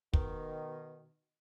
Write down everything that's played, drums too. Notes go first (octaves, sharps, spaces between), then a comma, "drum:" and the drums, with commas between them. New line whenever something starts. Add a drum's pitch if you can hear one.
B2 D#3, drum: kick